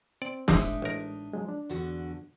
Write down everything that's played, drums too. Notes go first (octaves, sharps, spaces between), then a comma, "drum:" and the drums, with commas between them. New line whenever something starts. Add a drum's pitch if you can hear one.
C4 D5
A2 D3 G#3 C4 D4 D#4 E5 D#6, drum: snare
A1 A#4
F3 F#3 G#3
D4
E2 D3 F#4